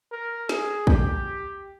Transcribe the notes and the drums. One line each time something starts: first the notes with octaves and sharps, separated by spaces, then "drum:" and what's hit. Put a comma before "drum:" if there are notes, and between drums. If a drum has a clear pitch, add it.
A#4
G#4, drum: snare
G4, drum: kick